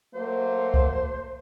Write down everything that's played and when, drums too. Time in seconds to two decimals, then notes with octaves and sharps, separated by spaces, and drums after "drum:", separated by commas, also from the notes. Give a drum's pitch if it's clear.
0.15 F#3 A3 A#3 C5
0.74 drum: kick C2